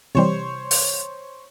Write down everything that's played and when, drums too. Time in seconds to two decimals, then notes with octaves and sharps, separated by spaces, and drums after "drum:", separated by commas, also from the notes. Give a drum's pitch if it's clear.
0.15 C3 E3 G3 C5 C#5
0.71 drum: open hi-hat